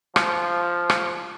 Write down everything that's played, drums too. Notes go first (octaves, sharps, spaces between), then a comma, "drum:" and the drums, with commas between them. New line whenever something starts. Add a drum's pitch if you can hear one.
F3, drum: rim click
drum: rim click